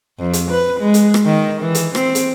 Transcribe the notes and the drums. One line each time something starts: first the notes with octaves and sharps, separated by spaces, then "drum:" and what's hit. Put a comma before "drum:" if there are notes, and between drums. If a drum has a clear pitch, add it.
F2
drum: hi-hat
B4
G#3
drum: hi-hat
drum: rim click
D#3
E3
drum: hi-hat
C4, drum: rim click
drum: hi-hat